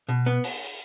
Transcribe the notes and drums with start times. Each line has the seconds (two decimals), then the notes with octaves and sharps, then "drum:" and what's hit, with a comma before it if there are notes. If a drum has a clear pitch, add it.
0.09 B2
0.26 B3
0.44 drum: open hi-hat